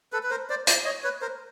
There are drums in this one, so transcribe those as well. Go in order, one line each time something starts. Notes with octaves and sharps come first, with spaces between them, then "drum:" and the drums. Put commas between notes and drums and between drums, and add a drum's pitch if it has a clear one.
A4 B4
B4
A#4 C5
C5 D5
C5 D5, drum: hi-hat
C#5 D#5
B4 C#5
A#4 C5